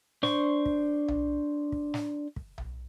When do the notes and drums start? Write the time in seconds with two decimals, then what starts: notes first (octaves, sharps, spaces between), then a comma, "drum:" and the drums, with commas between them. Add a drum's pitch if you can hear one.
0.23 D4 C5 C#6, drum: snare
0.66 drum: kick
1.08 drum: tom B1
1.72 drum: kick
1.94 drum: snare
2.36 drum: kick
2.58 drum: tom B1